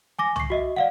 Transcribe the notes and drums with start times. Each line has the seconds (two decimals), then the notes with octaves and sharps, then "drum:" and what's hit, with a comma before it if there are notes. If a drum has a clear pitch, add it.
0.19 G#5 D6 A#6
0.36 C#6 C7, drum: tom
0.50 F#4 D#5 E5
0.76 D5 F5 F#5